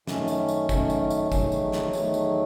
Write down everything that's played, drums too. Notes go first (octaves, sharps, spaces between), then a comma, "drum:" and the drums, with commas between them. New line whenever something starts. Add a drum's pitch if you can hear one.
F#2 D#3 A3 C#4, drum: snare
drum: tambourine
drum: tambourine
F#2 D#3 A3 C#4, drum: kick, tambourine
drum: tambourine
drum: tambourine
E2 D#3 F#3 A3, drum: kick, tambourine
drum: tambourine
drum: snare
E2 D#3 F#3 A3, drum: tambourine
drum: tambourine